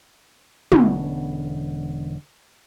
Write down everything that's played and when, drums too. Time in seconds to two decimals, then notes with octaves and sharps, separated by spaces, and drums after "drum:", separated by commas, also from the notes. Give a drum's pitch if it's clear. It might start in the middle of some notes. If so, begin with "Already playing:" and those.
0.72 E1 D3 B3 C#4, drum: tom